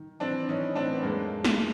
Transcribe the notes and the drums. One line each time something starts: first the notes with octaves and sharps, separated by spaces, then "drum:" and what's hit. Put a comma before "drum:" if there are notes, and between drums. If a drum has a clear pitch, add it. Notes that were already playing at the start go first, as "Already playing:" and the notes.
Already playing: D#3
E3 C4 D4
E3 C#4 D#4
A2 C4 D4
B3
F2 G#3 A#3
F2
drum: snare